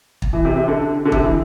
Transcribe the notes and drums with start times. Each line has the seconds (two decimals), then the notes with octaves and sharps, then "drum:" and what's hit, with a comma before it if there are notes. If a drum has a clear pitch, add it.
0.22 drum: kick
0.33 E3
0.45 C3
0.56 C3
0.68 D3
1.05 D3
1.12 C3, drum: kick
1.24 E3